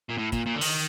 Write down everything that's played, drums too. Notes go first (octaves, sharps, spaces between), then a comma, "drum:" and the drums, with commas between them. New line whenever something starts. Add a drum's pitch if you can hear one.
A#2
A2
A#2, drum: kick, hi-hat
A#2
D3
D#3, drum: open hi-hat